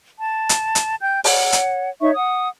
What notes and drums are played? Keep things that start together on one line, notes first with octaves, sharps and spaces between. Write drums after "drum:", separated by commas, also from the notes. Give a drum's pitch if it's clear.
A5
drum: hi-hat
drum: hi-hat
G5 G6
C#5 F#5, drum: open hi-hat
drum: hi-hat
D#4 C#5 E5 C#6
F#5 D#6